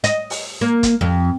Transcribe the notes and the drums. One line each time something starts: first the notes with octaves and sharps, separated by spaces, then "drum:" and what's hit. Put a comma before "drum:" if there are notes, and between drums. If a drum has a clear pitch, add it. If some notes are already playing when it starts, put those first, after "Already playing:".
D#5, drum: hi-hat
drum: open hi-hat
A#3
drum: kick, hi-hat
F2